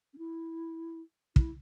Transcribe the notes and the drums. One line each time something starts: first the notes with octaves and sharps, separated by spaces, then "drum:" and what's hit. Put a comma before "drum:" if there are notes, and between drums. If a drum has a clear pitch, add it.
C#4
E4
E4, drum: kick